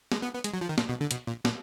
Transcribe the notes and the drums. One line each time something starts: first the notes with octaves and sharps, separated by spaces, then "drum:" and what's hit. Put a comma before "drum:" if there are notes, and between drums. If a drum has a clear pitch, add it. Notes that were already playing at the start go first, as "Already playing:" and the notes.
G#3, drum: snare
B3
B3
G#3, drum: hi-hat
F#3
F3
D#3
A#2, drum: snare
B2
D3
B2, drum: hi-hat
A#2
A#2, drum: snare